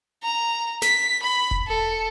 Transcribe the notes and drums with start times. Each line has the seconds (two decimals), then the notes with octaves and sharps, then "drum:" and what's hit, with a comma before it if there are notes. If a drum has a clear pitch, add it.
0.23 A#5
0.82 B6, drum: snare
1.22 B5
1.51 drum: kick E1
1.67 A4